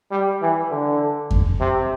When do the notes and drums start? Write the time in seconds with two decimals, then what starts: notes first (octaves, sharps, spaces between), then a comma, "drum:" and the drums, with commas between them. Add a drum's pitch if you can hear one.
0.11 G3
0.42 E3
0.71 D3
1.31 drum: kick F2
1.60 C3